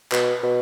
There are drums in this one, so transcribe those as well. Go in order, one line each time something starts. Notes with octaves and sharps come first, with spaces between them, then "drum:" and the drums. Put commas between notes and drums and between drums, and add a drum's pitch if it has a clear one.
B2, drum: clap
B2